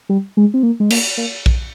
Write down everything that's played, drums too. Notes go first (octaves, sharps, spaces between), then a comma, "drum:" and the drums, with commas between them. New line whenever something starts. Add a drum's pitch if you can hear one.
G3
G#3
C4
A#3
G#3
A#3, drum: cymbal
A#3
drum: kick A#1